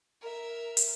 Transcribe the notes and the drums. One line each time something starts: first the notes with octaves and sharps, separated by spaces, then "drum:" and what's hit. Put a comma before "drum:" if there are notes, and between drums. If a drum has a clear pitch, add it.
A#4 E5
drum: hi-hat